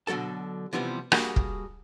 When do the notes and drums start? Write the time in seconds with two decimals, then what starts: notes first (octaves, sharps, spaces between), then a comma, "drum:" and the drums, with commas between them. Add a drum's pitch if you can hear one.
0.07 B2 D3 F#3 A4 A5
0.73 C3 E3 F3 G3 B3
1.12 G3 A#3 D4 F#4 G#4, drum: rim click
1.36 drum: kick